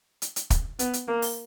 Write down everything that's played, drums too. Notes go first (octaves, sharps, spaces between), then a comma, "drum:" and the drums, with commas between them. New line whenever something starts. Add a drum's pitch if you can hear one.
drum: hi-hat
drum: hi-hat
drum: kick, hi-hat
B3, drum: hi-hat
drum: hi-hat
A#3
drum: open hi-hat